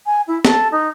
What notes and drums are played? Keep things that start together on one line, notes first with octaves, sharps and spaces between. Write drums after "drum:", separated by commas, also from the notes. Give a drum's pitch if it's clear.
G#5
E4
A4, drum: snare
D#4